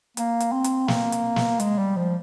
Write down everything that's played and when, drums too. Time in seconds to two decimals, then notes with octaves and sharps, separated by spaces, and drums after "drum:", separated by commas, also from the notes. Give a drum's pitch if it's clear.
0.17 A#3, drum: hi-hat
0.40 drum: hi-hat
0.52 C4
0.64 drum: hi-hat
0.88 A#3, drum: snare
1.12 drum: hi-hat
1.36 drum: snare
1.60 G#3, drum: hi-hat
1.78 G3
1.97 F3